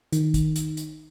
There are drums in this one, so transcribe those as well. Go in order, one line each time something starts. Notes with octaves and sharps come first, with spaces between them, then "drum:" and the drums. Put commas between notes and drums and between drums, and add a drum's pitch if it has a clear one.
D#3, drum: hi-hat
drum: kick, hi-hat
drum: hi-hat
drum: hi-hat